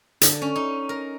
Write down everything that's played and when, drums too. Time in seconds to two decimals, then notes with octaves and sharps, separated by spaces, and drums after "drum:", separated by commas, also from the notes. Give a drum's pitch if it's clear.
0.21 D3, drum: hi-hat
0.42 C#4
0.56 D#4
0.89 A#4